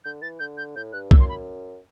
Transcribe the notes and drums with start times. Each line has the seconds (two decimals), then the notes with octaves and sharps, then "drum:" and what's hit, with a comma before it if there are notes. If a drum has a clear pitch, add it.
0.04 D3 G6
0.22 E3 A6
0.39 D3 G6
0.57 G6
0.76 A2 G6
0.93 G2 F#6
1.11 F#2 E6, drum: kick C2
1.20 C6
1.29 B5